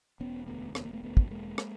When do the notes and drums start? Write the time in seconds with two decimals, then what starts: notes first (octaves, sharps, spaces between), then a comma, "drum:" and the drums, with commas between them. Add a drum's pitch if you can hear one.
0.20 E1 B3 C#4
0.48 D2 A3 B3
0.75 E1 B3, drum: rim click
0.85 A#3
0.93 A3 B3
1.03 D2 A3 B3
1.17 drum: kick
1.31 E1 G#3 A#3
1.58 drum: rim click